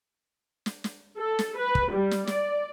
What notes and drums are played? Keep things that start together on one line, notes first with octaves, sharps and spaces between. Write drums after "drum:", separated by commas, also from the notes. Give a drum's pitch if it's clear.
drum: snare
drum: snare
A4
drum: snare
B4
drum: kick
G3
drum: snare
D5, drum: snare